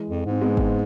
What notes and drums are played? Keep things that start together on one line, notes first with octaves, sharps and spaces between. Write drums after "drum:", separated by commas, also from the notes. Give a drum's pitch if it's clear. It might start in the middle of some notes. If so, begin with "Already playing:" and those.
Already playing: E3 G#3
F2
G#2 C4
G#3 B3
drum: kick